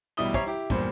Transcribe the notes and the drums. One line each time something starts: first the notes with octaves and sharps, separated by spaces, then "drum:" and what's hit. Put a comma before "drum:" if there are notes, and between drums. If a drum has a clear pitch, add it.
A1 B2 G3 E4 D#6 G7
G3 C#5 E5 A#5 C7, drum: kick
E4 G4
E2 G2 A#2 C5, drum: kick